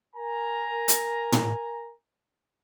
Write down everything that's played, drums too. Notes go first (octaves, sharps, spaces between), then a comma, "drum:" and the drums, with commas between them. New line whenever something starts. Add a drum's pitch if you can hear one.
A#4 G#5 A#5
drum: hi-hat
drum: tom